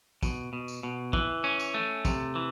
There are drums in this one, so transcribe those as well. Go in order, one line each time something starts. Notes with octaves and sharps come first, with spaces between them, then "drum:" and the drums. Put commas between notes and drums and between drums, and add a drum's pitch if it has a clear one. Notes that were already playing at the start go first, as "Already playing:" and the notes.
B2, drum: kick, tambourine
B2
drum: tambourine
B2
E3, drum: kick
C#4
drum: tambourine
A3
C3, drum: kick, tambourine
E3